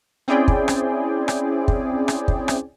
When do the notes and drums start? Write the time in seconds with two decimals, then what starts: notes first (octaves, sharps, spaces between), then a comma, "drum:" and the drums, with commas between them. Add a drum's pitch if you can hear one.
0.28 C4 C#4 E4 G#4 D5 G5
0.48 drum: kick
0.68 drum: rim click
1.28 drum: rim click
1.68 drum: kick
2.08 drum: rim click
2.28 drum: kick
2.48 drum: rim click